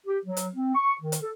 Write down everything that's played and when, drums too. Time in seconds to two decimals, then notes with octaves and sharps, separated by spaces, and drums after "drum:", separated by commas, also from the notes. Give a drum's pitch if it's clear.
0.06 G4
0.26 F#3
0.37 drum: hi-hat
0.55 C4
0.75 C#6
1.01 D#3
1.12 drum: hi-hat
1.22 A4